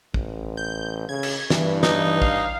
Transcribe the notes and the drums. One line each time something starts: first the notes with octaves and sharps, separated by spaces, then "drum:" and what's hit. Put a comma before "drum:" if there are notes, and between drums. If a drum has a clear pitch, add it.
A1, drum: kick
G6
C#3 G#6
drum: cymbal
G2 E3, drum: snare
D#4, drum: snare
F5, drum: kick